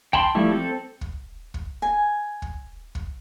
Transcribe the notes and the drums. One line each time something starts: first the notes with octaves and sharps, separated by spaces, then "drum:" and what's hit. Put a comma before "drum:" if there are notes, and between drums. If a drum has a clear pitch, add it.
G5 A5 B5 C6, drum: kick
F3 G3 A3 E4
C4 A4
drum: kick
drum: kick
G#5
drum: kick
drum: kick